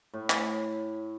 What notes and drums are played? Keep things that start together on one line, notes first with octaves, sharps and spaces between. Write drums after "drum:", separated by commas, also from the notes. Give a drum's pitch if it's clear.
A2
drum: clap